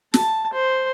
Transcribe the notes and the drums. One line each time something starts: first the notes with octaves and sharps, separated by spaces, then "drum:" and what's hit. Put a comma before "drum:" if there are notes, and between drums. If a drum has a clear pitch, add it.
A5, drum: snare
C5